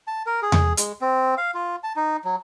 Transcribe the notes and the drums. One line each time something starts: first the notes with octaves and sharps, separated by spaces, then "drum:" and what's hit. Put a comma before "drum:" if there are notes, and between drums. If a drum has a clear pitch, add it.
A5
A#4
G#4
drum: tom E2
G#3, drum: hi-hat
C4
F5
F4
A5
D#4
F#3